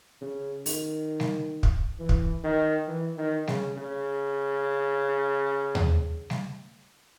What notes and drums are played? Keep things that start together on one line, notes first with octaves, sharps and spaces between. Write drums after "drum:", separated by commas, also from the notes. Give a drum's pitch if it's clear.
C#3
D#3, drum: open hi-hat
drum: snare G3
drum: kick
E3
drum: kick
D#3
E3
D#3
C#3, drum: snare G3
C#3
drum: tom D#2
drum: snare G3